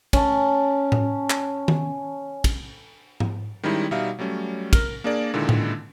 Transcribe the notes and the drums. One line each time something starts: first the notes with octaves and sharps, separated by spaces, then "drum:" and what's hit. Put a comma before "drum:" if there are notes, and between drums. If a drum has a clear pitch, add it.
C#4 A5, drum: kick, cymbal
drum: tom A2
drum: clap
drum: tom D#3
drum: kick, cymbal
drum: tom G#2
D#3 G3 G#3 C#4 D#4 E4
B2 G3 D#4 E5 F5
F#3 G3 A3 C#4
A#4 F6, drum: kick, cymbal
A#3 D4 G#4 A#4 D5
A#2 D3 D#3 G#3 E4
drum: tom A2